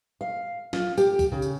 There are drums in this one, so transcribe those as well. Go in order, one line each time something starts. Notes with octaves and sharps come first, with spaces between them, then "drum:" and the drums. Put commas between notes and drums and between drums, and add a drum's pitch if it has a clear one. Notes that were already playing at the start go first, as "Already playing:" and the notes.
F5
F4, drum: snare
G4, drum: tambourine
drum: kick C2, tambourine
C#3
drum: tambourine